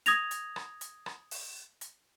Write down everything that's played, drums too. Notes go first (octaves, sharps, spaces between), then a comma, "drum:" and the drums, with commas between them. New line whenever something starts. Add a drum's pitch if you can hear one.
D#6 G#6 A#6 F7, drum: hi-hat
drum: hi-hat
drum: rim click
drum: hi-hat
drum: rim click
drum: open hi-hat
drum: hi-hat